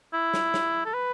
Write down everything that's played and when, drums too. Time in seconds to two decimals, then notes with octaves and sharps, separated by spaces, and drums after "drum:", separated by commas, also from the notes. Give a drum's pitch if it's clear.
0.14 E4
0.34 drum: snare
0.54 drum: snare
0.86 A4
0.94 B4